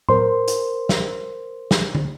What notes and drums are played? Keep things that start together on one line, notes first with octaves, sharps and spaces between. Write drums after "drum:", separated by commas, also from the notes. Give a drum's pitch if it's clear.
A#4 C5 C6, drum: tom A2
drum: hi-hat
drum: snare
drum: snare
drum: tom